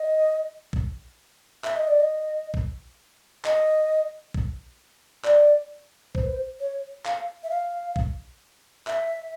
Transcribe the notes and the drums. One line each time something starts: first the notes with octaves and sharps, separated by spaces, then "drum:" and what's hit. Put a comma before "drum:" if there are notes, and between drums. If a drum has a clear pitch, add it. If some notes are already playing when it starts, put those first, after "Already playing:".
Already playing: D#5
drum: kick A#1
E5, drum: clap
D#5
D5
D#5
drum: kick A#1
D#5, drum: clap
drum: kick A#1
D5, drum: clap
C5, drum: kick A#1
B4
C5
C#5
F5, drum: clap
E5
F5
drum: kick A#1
E5, drum: clap